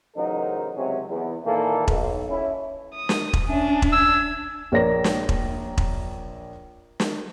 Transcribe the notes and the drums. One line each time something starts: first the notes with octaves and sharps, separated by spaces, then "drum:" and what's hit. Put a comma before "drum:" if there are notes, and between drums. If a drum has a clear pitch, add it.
A1 C#3 F#3 D#4 A#4 C5
C#2 C3 F#3 C4 C#4
E2
A#2 D#3 E3 A#3 F4 A4
B1, drum: kick E1
C#4 E4
D#6
drum: snare
drum: kick E1
C#4 D4 E5 G#5
drum: kick E1
E6 G#6
A#1 A#4 C#5 D5 A#6
drum: snare
drum: kick E1
drum: kick E1
drum: snare